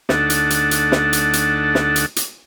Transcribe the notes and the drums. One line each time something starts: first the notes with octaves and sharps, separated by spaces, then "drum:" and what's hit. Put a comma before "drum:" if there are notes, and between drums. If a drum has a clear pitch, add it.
D2 A3 D4 D#4 A4 F#5, drum: snare
drum: hi-hat
drum: hi-hat
drum: hi-hat
drum: snare
drum: hi-hat
drum: hi-hat
drum: snare
drum: hi-hat
drum: hi-hat